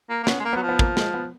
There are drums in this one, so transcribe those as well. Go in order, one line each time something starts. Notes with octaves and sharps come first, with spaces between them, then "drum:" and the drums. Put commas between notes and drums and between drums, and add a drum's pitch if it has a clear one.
A#3
A#3
B3 C#4, drum: snare
G#3
A#3
B3
F#3
F3
B3
A#3, drum: kick
G#3, drum: snare
B3